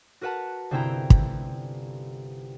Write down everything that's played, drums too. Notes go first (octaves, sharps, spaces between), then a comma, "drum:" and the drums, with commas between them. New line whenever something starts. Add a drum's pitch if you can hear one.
F#4 A#4 B4 F#5 A5
G1 C3 C4 E4 G5 A#5
drum: kick